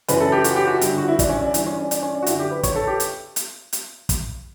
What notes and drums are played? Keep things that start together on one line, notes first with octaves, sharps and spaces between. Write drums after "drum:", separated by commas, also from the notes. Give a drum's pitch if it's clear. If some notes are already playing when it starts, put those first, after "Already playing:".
F#2 C#3 E3 B4, drum: hi-hat
A4
G4
F#4, drum: hi-hat
G4
F#4
G2 D3, drum: hi-hat
F#4
E4
D4, drum: kick, hi-hat
C#4
D4
G2 E3, drum: hi-hat
C#4
D4
D4, drum: hi-hat
C#4
D4
F#4
F#2 D3 E4, drum: hi-hat
G4
B4
C#5, drum: kick, hi-hat
A4
G4
drum: hi-hat
drum: hi-hat
drum: hi-hat
drum: kick, hi-hat